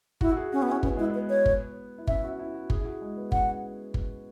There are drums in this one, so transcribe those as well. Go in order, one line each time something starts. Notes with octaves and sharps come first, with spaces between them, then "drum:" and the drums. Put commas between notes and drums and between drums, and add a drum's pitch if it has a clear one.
E4 F#4, drum: kick G1
F#4
G#4
C#4 F#4
B3
C#4 E4
B3 C#4, drum: kick G1
G#3 E4
B3 B4
C#5
drum: kick G1
E4
C#4 E5, drum: kick G1
F#4
E4
F#4
G#4, drum: kick G1
E4
F#4
G#3
B3
C#4 F#5, drum: kick G1
drum: kick G1